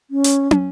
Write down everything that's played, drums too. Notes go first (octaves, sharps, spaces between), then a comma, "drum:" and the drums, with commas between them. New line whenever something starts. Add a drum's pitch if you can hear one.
C#4
drum: hi-hat
drum: tom